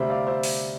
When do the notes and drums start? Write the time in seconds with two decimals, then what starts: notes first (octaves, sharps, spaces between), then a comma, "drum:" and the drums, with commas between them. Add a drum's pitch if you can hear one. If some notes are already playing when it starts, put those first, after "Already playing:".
Already playing: D2 C3 G3 C5 E5
0.10 D5 F5
0.27 C5 E5
0.43 drum: open hi-hat